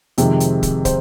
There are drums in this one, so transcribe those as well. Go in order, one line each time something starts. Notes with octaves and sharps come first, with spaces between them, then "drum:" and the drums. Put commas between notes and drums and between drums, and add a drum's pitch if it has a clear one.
F2 C3 D#3 G#3, drum: hi-hat
drum: hi-hat
drum: kick, hi-hat
C5, drum: kick, hi-hat